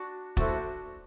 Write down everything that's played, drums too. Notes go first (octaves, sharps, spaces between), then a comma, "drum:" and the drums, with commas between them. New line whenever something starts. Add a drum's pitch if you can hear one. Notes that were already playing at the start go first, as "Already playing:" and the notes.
Already playing: D4 F#4
A3 D4 E4 F#4 A4 C5 E5, drum: kick